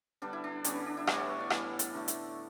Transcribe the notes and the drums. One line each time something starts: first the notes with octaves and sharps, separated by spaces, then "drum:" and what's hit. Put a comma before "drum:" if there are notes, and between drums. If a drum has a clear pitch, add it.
D3 G3 B3 D4
E4
D4
D3 G3 B3 C#4, drum: hi-hat
D4
D4
E4
A2 E3 G3 B3 F#4, drum: rim click
A4
C#5
D5
A2 E3 G3 B3, drum: rim click
drum: hi-hat
D3 A3
drum: hi-hat